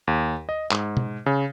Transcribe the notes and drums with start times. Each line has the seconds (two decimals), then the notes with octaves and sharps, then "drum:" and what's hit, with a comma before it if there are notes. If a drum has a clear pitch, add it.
0.07 D#2
0.49 D#5
0.71 G#2, drum: clap
0.97 drum: tom
1.26 C#3